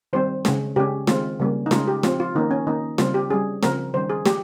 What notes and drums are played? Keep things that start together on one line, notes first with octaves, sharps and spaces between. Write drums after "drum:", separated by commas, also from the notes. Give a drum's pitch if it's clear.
D#3 G3 C4 C5
C#3 G#3 C#4, drum: snare
C#3 G#3 C#4 G4
D#3 G#3 C4 F4, drum: snare
C#3 G3 A#3 C#4
D#4
C#3 G#3 C#4 F4, drum: snare
G4
F3 C4 F4, drum: snare
F4
D#3 A#3 C#4 D#4
C#4
D#3 A#3 C#4 D#4
C#3 G3 C4 F4, drum: snare
G4
G3 C#4 G#4
C#3 F3 C4 A#4, drum: snare
D#3 G3 C#4 C5
G#4
F3 G4, drum: snare